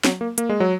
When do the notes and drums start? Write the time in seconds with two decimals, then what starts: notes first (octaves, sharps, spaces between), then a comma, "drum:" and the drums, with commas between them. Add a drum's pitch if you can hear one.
0.04 F#3, drum: snare
0.21 A#3
0.38 A#3, drum: hi-hat
0.49 G#3
0.60 F#3